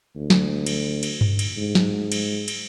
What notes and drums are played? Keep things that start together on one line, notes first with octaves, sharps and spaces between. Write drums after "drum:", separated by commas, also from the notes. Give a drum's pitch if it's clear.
D2
drum: snare
drum: cymbal
drum: cymbal
drum: tom G2
drum: cymbal
G#2
drum: snare
drum: cymbal
drum: cymbal